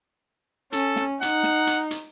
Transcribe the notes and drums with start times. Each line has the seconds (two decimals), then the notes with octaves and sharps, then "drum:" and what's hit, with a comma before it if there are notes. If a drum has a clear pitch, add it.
0.72 C#4 A4, drum: hi-hat
0.96 drum: snare
1.22 D#4 F#5, drum: hi-hat
1.43 drum: snare
1.67 drum: hi-hat
1.91 drum: hi-hat